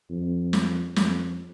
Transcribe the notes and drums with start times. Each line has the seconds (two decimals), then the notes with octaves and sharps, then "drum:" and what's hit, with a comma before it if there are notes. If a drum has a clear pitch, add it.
0.10 F2
0.53 drum: snare
0.96 F2, drum: snare